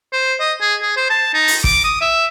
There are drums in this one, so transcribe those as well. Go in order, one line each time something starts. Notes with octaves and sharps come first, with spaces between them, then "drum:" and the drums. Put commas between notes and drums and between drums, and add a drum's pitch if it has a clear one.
C5
D#5
G#4
G#4
C5
A5
D#4
drum: open hi-hat
D6, drum: kick
D#6
E5